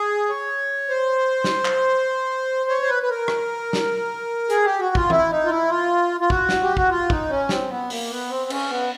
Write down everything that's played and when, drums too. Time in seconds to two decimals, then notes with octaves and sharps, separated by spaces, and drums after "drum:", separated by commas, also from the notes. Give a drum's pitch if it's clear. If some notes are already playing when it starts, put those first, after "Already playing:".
Already playing: G#4
0.29 C#5
0.89 C5
1.44 drum: snare
1.65 drum: clap
2.70 C#5
2.82 C5
2.89 B4
3.03 B4
3.10 A#4
3.28 drum: rim click
3.73 drum: snare
4.50 G#4, drum: hi-hat
4.65 G4
4.80 F#4
4.95 F4, drum: kick
5.10 E4, drum: tom E3
5.30 D#4
5.45 F4
5.49 E4
5.70 F4
6.20 F4
6.30 F#4, drum: kick
6.49 drum: snare
6.63 G4
6.77 F#4, drum: kick
6.90 F4
7.10 D#4, drum: kick
7.30 C#4
7.49 C4, drum: snare
7.69 B3
7.90 A#3, drum: open hi-hat
8.10 B3
8.29 C4
8.50 C#4, drum: cymbal
8.70 B3